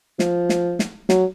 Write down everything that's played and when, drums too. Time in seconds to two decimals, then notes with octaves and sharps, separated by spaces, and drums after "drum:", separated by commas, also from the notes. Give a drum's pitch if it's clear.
0.19 F3, drum: snare
0.49 drum: snare
0.79 drum: snare
1.09 F#3, drum: snare